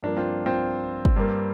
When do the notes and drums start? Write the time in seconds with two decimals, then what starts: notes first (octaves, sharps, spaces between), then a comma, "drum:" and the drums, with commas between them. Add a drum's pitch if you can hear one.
0.03 G2 F3 A#3 D4
0.17 C4 F4
0.46 C4 F4
1.05 drum: kick
1.16 G2 G3 A#3